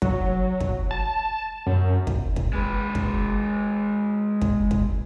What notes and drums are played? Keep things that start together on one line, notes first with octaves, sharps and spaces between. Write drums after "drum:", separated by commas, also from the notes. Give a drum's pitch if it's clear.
F#3, drum: kick
drum: kick
A5
F#2
drum: kick
drum: kick
G#3 B4
drum: kick
drum: kick
drum: kick